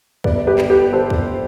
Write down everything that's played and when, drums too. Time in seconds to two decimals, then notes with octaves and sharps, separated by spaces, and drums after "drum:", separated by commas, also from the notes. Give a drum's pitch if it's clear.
0.24 G1 B4 D5, drum: kick
0.47 G4 B4
0.58 D3, drum: clap
0.70 G4 B4
0.93 D3 A4 C5
1.10 drum: kick